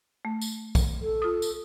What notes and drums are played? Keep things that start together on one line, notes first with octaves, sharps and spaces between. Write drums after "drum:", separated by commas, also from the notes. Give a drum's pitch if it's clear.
A3
drum: tambourine
drum: kick, tambourine
A4
F4 D#6
drum: tambourine